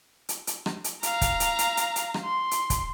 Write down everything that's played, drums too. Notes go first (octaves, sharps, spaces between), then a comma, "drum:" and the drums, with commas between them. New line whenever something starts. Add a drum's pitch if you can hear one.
drum: hi-hat
drum: hi-hat
drum: rim click
drum: hi-hat
F5 A#5, drum: hi-hat
drum: kick, hi-hat
drum: hi-hat
drum: hi-hat
drum: hi-hat
drum: hi-hat
drum: rim click
C6
drum: hi-hat
drum: kick, hi-hat